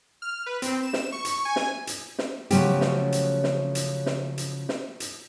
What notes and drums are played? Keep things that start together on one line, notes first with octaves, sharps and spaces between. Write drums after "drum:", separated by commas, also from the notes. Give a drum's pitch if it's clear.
F6
B4
C4, drum: hi-hat
E7
drum: snare
C#6
drum: hi-hat
G#5
drum: snare
drum: hi-hat
drum: snare
C#3 F3 F#3 A3 C#4 G4, drum: hi-hat
drum: snare
drum: hi-hat
drum: snare
drum: hi-hat
drum: snare
drum: hi-hat
drum: snare
drum: hi-hat